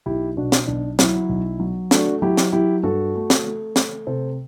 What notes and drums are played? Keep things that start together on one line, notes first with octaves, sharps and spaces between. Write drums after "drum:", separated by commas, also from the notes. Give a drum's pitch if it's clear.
B1 E4 G4
B2 D4 F#4
drum: snare
B1 D4
F#3 E4, drum: snare
B1
F#3
A3 D4 F#4, drum: snare
F#3 E4 G4
drum: snare
F#3 E4 G4
G2 F#4 A4
A3
drum: snare
A3
A3, drum: snare
C3 A4 C5